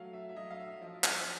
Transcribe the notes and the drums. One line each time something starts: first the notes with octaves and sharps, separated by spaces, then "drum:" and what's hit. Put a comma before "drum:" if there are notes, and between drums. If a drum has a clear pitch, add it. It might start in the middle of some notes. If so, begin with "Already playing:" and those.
Already playing: F#3 A3 F5 F#5
E5
E5
F#3 D#5
F5
E5
F3 D#5
D5, drum: clap
C5